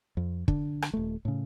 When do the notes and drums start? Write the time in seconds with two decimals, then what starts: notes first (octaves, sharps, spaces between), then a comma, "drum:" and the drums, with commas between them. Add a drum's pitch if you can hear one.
0.17 F2
0.48 D3, drum: kick
0.82 drum: rim click
0.94 D#1 A3
1.25 A2 C#3